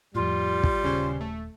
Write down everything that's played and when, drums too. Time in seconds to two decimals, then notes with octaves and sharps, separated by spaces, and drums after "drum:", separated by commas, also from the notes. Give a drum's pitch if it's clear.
0.15 F2 A2 G3 F4
0.63 drum: kick
0.84 D#1 C#3 C#4 C5
1.21 A3